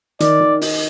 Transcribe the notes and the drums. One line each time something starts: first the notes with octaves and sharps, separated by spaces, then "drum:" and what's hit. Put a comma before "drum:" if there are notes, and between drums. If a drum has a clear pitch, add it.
D#3 D5, drum: hi-hat
D#3
D#4, drum: open hi-hat